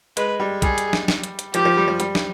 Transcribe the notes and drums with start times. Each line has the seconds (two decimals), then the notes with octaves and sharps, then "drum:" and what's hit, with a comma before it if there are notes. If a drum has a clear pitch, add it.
0.17 G#3 B4, drum: hi-hat
0.40 G3
0.62 G3 G#4, drum: kick, hi-hat
0.78 drum: hi-hat
0.93 drum: snare
1.08 drum: snare
1.24 drum: hi-hat
1.39 drum: hi-hat
1.54 F3 G4, drum: hi-hat
1.65 F3
1.77 G3
1.88 F3
2.00 G3, drum: hi-hat
2.15 drum: snare